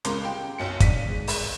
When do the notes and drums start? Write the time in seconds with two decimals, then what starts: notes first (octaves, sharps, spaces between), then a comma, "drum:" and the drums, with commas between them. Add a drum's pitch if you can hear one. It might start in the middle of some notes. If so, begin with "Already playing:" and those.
0.05 C#2 C#4 A#4 C6 D6, drum: hi-hat
0.25 G4 G5 C6
0.58 B1 F#2 C#7
0.80 D4 B6 D#7, drum: kick G1, hi-hat
1.08 G#2
1.28 drum: open hi-hat